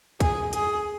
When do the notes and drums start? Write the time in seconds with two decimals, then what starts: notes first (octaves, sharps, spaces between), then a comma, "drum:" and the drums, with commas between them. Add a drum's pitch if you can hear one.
0.20 G#4, drum: kick, hi-hat
0.53 G#4, drum: hi-hat